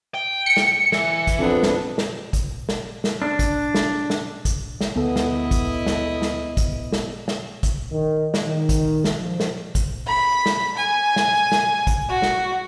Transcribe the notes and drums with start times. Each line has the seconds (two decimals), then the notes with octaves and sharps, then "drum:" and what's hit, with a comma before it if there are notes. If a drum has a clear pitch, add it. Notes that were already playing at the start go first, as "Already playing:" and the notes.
0.14 G5
0.46 C#7
0.57 drum: snare
0.92 E3, drum: snare
1.27 drum: kick, hi-hat
1.39 F2 B3 D4
1.63 drum: snare
1.98 drum: snare
2.33 drum: kick, hi-hat
2.69 drum: snare
3.04 drum: snare
3.22 D4
3.39 drum: kick, hi-hat
3.75 drum: snare
4.10 drum: snare
4.45 drum: kick, hi-hat
4.81 drum: snare
4.96 D2 B3 E4 A4 D#5
5.16 drum: snare
5.51 drum: kick, hi-hat
5.87 drum: snare
6.22 drum: snare
6.57 drum: kick, hi-hat
6.92 drum: snare
7.28 drum: snare
7.63 drum: kick, hi-hat
7.92 D#3
8.34 drum: snare
8.46 D#3
8.69 drum: kick, hi-hat
9.04 drum: snare
9.20 F3
9.40 drum: snare
9.75 drum: kick, hi-hat
10.06 B5
10.46 drum: snare
10.76 G#5
11.16 drum: snare
11.52 drum: snare
11.87 drum: kick, hi-hat
12.09 F#4
12.22 drum: snare